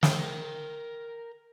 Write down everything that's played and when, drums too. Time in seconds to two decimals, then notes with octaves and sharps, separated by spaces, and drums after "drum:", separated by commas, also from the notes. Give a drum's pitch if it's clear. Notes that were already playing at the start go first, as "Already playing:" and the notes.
0.03 A#4 G5, drum: snare